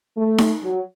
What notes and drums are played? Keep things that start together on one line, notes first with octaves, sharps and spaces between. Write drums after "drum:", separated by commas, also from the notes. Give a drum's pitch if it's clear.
A3
drum: snare D#4
F#3